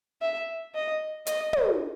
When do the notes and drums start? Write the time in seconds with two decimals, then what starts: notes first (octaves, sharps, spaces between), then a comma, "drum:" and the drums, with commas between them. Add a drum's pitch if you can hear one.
0.21 E5
0.75 D#5
1.27 D#5, drum: hi-hat
1.53 drum: tom